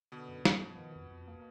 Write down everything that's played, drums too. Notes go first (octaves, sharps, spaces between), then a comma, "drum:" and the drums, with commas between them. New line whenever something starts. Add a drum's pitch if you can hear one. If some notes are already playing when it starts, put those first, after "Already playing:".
B2 D3 B3
F#2
F#2, drum: snare
F3
D#3
F2
F2
A#3